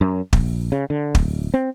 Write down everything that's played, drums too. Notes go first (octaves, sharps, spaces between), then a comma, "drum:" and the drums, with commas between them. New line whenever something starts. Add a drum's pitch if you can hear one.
F#2
A#1, drum: kick
C#3
D3
D1, drum: kick
C4